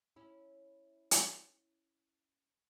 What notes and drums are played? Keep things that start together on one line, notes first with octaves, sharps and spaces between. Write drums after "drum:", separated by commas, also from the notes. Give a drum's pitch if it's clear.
C#4 E4
drum: hi-hat